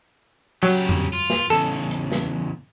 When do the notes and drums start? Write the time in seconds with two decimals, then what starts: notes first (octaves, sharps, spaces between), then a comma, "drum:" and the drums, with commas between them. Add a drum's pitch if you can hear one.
0.63 C#3 F#3 G4 G5
0.89 drum: tom F2
1.13 F4
1.30 drum: snare
1.50 E2 C#3 A4, drum: open hi-hat
1.91 drum: hi-hat
2.12 drum: snare